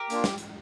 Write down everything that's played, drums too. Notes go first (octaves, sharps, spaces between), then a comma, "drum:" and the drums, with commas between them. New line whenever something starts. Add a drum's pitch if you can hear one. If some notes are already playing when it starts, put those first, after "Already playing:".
Already playing: G4 A#4
A#3 D4 F4, drum: hi-hat
drum: snare
drum: hi-hat